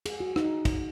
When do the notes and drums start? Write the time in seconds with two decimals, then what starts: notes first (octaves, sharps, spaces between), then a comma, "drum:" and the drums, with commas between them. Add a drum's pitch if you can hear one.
0.06 G#4, drum: cymbal
0.20 F#4
0.36 D#4, drum: rim click
0.65 drum: kick, cymbal